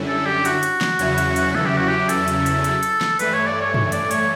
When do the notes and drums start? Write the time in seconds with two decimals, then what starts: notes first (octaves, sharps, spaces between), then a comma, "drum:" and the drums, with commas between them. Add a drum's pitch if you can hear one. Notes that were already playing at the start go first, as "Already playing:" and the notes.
Already playing: F#2 D3 G3 C#4 E4
0.08 A4
0.26 G4
0.45 F#4, drum: hi-hat
0.63 drum: hi-hat
0.81 drum: snare
0.99 E2 C#3 F#3 C#4 E4, drum: hi-hat
1.18 drum: hi-hat
1.36 drum: hi-hat
1.55 A4, drum: tom
1.66 G4
1.76 F#4
1.88 G4
2.09 A4, drum: hi-hat
2.28 drum: hi-hat
2.46 drum: hi-hat
2.64 drum: hi-hat
2.83 drum: hi-hat
3.01 drum: snare
3.19 G2 E3 A3 B4, drum: hi-hat
3.33 C#5
3.47 D5
3.61 C#5
3.74 C#5, drum: tom
3.92 D5, drum: hi-hat
4.11 C#5, drum: hi-hat